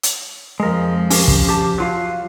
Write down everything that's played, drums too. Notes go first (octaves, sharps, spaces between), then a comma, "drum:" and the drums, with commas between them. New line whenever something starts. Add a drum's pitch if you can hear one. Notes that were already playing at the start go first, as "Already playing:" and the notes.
drum: hi-hat
F2 F3 G#3 A#4
C#4 G4 A#4, drum: open hi-hat
drum: kick
G4 A5
F#3 F4 F5